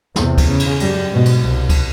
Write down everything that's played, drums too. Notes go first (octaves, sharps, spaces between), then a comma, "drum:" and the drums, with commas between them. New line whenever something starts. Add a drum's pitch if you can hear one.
E2 C3, drum: snare
drum: kick D2, cymbal
C#3
drum: cymbal
F#2 G3, drum: cymbal
G#2 B2
drum: cymbal
C2
drum: kick D2, cymbal